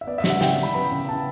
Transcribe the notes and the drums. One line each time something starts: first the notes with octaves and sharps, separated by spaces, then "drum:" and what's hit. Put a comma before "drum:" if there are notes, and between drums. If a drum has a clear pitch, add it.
E5
B3 D5
E5
C#3, drum: snare
F#5
C#3 G5, drum: snare
E3
B5
B3 B5
C#3
C#3 A5